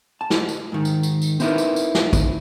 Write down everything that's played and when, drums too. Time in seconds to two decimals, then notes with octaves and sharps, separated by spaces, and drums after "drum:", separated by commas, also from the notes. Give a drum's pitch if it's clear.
0.21 A5
0.30 drum: snare
0.49 drum: tambourine
0.72 G#2 D#3
0.85 drum: tambourine
1.03 drum: tambourine
1.22 drum: tambourine
1.40 C4 D#4 E4 G4 A#4 B4, drum: tambourine
1.58 drum: tambourine
1.76 drum: tambourine
1.95 drum: snare
2.13 drum: kick, tambourine